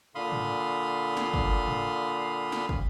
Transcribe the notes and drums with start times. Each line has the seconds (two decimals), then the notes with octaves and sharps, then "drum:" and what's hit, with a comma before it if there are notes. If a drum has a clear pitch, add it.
0.15 A#2 D3 F5 B5 C6 D#6
0.32 drum: tom G#2
1.17 drum: snare
1.34 drum: kick
1.68 drum: tom G#2
2.52 drum: snare
2.69 drum: kick